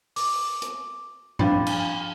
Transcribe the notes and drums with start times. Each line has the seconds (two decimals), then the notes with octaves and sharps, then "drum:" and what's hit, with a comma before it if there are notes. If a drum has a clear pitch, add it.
0.16 D6, drum: open hi-hat
0.62 drum: hi-hat
1.39 F3 D4 F5 G5 B5, drum: tom G#2
1.67 drum: cymbal